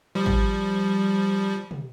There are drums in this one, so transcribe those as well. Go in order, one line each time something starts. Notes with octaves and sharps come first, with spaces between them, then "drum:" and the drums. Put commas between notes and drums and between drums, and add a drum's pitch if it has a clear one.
F3 G3
drum: kick
drum: tom